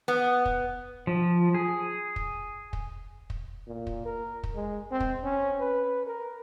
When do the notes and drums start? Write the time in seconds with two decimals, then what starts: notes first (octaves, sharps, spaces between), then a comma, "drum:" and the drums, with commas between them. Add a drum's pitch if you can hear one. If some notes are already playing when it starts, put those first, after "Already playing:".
0.08 B3
0.45 drum: kick
1.07 F3
1.55 G#4
2.16 drum: kick
2.73 drum: kick
3.30 drum: kick
3.67 A#2
3.87 drum: kick
4.06 A#4
4.43 drum: kick
4.55 G#3
4.91 C4
5.00 drum: kick
5.24 C#4
5.60 B4
6.07 A#4